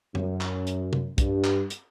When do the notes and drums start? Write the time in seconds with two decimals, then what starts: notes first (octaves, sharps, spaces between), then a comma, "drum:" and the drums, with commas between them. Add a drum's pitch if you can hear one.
0.15 F#2, drum: tom F#2
0.41 drum: clap
0.67 drum: hi-hat
0.93 drum: tom
1.18 G2, drum: kick, hi-hat
1.44 drum: clap
1.70 drum: hi-hat